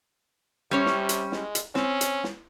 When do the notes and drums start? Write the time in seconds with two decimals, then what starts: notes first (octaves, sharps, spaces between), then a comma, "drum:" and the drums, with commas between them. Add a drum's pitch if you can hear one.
0.71 C3 G3 C#4 C#5
0.86 drum: snare
1.09 drum: hi-hat
1.32 G#3, drum: snare
1.55 drum: hi-hat
1.75 C4 C#4, drum: snare
2.01 drum: hi-hat
2.24 drum: snare